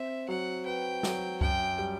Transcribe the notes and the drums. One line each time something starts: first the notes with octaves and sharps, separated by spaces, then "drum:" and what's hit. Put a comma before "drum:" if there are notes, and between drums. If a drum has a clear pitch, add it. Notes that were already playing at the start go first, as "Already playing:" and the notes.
Already playing: C4 E5
F#3 F#5
B4 G5
F#3, drum: snare
F#2 G5, drum: kick C#2
G3